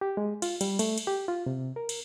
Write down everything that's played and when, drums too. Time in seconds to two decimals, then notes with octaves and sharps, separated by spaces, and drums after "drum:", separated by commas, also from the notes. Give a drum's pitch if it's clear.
0.01 G4
0.17 G#3
0.42 F4, drum: cymbal
0.61 G3, drum: cymbal
0.79 A3, drum: cymbal
0.98 drum: cymbal
1.07 G4
1.28 F4
1.46 C3
1.76 A#4
1.89 drum: cymbal